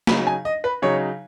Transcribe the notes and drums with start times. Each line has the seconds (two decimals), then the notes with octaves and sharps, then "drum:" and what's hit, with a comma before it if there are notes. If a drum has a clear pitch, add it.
0.07 C#3 F#3 D#4 B5, drum: snare
0.27 G#5
0.45 D#5
0.64 B4
0.82 C#3 F#3 D#4 C#5